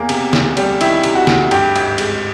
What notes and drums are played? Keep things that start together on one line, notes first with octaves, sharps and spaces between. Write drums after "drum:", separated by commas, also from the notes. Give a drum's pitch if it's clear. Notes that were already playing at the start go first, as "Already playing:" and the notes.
Already playing: E2 A#3
C3, drum: cymbal
D2, drum: snare
G3, drum: cymbal
D#3 E4, drum: cymbal
C3, drum: cymbal
F#4
D2, drum: snare
G2 G4, drum: cymbal
G#1, drum: cymbal
G#3, drum: cymbal